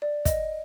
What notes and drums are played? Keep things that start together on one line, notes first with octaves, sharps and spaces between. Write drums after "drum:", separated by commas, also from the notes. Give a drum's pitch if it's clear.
D5
D#5, drum: kick, hi-hat